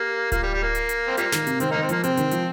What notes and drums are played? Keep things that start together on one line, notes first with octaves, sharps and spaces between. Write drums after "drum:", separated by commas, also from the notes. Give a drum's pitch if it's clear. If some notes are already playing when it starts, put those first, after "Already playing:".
Already playing: A#3 G4
A#3 F4, drum: kick D1, hi-hat
G3
G3
A#3
drum: hi-hat
drum: hi-hat
C4
G3 A#3 F4, drum: hi-hat
D#3, drum: snare
C3, drum: hi-hat
D#3 C4, drum: hi-hat
D#3 A#3 D#4
C4
F3 A#3, drum: hi-hat
C3 C4, drum: hi-hat
D#3, drum: hi-hat
F3, drum: hi-hat